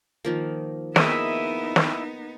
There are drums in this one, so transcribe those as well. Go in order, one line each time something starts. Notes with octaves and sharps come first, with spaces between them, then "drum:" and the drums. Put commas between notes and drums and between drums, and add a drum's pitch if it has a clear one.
D#3 F3 A#3
A#3 B3 D#4 E4 G#4 D#5 E5 G#5, drum: snare
drum: snare